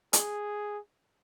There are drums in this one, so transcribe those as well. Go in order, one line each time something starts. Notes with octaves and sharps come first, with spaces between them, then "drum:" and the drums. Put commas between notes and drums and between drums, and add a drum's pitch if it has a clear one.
G#4, drum: hi-hat